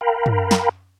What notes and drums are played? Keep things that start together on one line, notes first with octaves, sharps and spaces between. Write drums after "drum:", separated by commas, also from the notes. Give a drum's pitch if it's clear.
A#4 F5 G5 A#5 B5
drum: tom
drum: snare